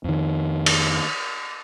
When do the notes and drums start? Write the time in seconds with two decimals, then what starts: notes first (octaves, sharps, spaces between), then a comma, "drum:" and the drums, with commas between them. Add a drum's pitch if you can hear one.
0.04 F2 D#3
0.66 drum: cymbal